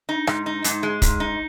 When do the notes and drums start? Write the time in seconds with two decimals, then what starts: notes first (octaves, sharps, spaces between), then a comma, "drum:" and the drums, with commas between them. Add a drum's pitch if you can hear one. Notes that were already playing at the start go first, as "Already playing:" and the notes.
0.09 D#4
0.27 G#2, drum: rim click
0.46 D#4
0.64 G#2, drum: hi-hat
0.83 G#3
1.02 G#2, drum: kick, hi-hat
1.20 D#4